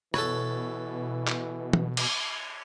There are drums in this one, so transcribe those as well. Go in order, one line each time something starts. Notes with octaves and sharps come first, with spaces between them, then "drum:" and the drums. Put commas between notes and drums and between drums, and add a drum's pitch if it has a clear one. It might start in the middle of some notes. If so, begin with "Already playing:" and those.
B2 E3 A4 B4 C#5, drum: rim click
drum: clap
drum: tom
drum: cymbal